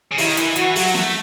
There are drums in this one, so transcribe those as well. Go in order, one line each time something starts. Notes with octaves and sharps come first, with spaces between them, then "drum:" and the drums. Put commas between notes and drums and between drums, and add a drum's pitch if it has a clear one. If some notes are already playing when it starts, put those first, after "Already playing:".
C#3
D#3 E4, drum: open hi-hat
E3, drum: hi-hat
E3 F#4, drum: hi-hat
F#3, drum: open hi-hat
A3, drum: snare